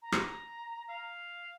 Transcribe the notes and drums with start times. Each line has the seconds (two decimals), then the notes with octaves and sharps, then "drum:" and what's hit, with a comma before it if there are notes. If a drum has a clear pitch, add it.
0.02 A#5
0.12 drum: rim click
0.89 F5